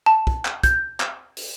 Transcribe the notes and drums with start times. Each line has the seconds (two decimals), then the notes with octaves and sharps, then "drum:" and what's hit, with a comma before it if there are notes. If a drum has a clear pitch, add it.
0.06 A5
0.27 drum: kick
0.45 drum: clap
0.64 G6, drum: kick, hi-hat
1.00 drum: clap
1.37 drum: open hi-hat